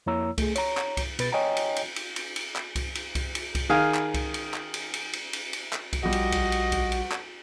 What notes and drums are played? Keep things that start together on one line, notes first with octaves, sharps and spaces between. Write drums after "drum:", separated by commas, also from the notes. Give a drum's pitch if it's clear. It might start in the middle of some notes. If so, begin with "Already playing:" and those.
F2 A#3 E4 C#5 A#5 E6
A3 G#4, drum: kick C2, cymbal
C#5 A#5, drum: cymbal
drum: clap
drum: kick C2, cymbal
B2 B4 A6, drum: cymbal
C#5 D#5 G5 G#5 A#5
drum: cymbal
drum: cymbal
drum: cymbal
drum: cymbal
drum: cymbal
drum: clap
drum: kick C2, cymbal
drum: cymbal
drum: kick C2, cymbal
drum: cymbal
drum: kick C2, cymbal
D#3 G#4 F5 G#5
drum: clap
drum: kick C2, cymbal
drum: cymbal
drum: clap
drum: cymbal
drum: cymbal
drum: cymbal
drum: cymbal
drum: cymbal
drum: clap
drum: kick C2, cymbal
A#1 F3 G3 F#4 D#5
drum: cymbal
drum: kick C2, cymbal
drum: cymbal
drum: kick C2, cymbal
drum: cymbal
drum: clap